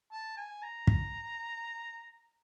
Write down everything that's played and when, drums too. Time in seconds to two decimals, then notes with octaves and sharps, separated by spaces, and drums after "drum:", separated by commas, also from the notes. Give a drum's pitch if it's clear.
0.12 A5
0.37 G#5
0.63 A#5
0.87 drum: kick